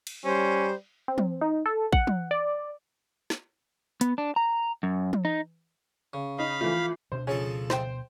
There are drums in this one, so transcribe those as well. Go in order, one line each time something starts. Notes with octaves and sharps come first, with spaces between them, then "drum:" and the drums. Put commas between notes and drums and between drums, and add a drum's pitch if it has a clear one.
drum: cymbal
G3 C#4 C5
C4
drum: tom
D#4
A4
F#5, drum: kick A1
drum: tom
D5
drum: snare
B3, drum: hi-hat
D4
A#5
F#2
drum: tom
D#4
C#3
D#4 F5 B5
E3 F3 A3 F4
D2 B2 D4 C5
C#3 F3 C#4 A4
C5 G5, drum: snare